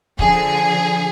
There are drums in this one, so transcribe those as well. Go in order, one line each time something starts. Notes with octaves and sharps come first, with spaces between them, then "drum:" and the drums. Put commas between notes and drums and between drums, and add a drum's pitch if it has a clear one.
D3 F3 G#4, drum: kick